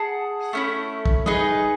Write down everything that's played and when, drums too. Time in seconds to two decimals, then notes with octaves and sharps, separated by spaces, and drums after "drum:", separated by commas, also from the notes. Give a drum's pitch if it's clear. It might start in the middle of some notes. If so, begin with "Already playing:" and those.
Already playing: G#4 F#5 A5
0.53 A3 C#4 E4
1.05 drum: kick
1.26 D#4 G#4 B4 D#5, drum: tom